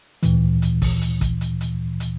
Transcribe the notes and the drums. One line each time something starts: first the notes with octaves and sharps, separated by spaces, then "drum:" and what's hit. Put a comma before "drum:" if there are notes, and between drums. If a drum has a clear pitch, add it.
D2 A#2 E3, drum: hi-hat
drum: hi-hat
drum: kick, open hi-hat
drum: hi-hat
drum: kick, hi-hat
drum: hi-hat
drum: hi-hat
drum: hi-hat